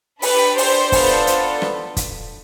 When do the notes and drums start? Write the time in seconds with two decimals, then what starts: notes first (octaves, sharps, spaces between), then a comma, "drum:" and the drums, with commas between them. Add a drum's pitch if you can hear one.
0.22 D4 G4 B4, drum: open hi-hat
0.58 C5, drum: open hi-hat
0.92 B3 D4 F4 A4, drum: kick, open hi-hat
1.27 drum: hi-hat
1.62 drum: rim click
1.97 drum: kick, hi-hat